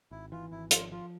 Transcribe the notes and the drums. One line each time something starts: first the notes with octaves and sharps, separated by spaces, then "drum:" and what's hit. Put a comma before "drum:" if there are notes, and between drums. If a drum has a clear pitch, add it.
G#1 E4
E3 F4
G#1 E4
F3 F4, drum: hi-hat
F3 F4